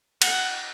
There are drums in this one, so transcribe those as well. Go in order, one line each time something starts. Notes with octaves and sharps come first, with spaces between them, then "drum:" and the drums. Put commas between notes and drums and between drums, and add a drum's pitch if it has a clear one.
F#5, drum: cymbal